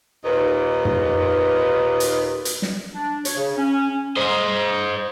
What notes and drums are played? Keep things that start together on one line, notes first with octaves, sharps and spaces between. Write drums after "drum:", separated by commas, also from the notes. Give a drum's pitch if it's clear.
D#2 A#2 D#4 B4
drum: tom
drum: hi-hat
drum: hi-hat
drum: snare
D4
C#5, drum: hi-hat
C#3
C#4
C5 D#5